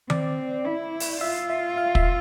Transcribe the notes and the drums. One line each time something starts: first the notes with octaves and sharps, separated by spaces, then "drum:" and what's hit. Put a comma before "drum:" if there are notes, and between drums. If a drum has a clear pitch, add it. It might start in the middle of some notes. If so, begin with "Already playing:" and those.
C4 D5, drum: tom D#3
E4
drum: open hi-hat
F4 E5
E5
F5
E5, drum: kick